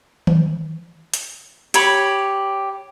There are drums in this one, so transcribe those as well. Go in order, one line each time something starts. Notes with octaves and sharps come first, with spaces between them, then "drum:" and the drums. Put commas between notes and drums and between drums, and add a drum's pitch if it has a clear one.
drum: tom D#3
drum: hi-hat
G4 C#5 B5, drum: hi-hat